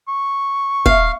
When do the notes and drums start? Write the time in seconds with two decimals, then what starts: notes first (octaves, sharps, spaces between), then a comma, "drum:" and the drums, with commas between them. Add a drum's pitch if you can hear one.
0.08 C#6
0.86 F5, drum: kick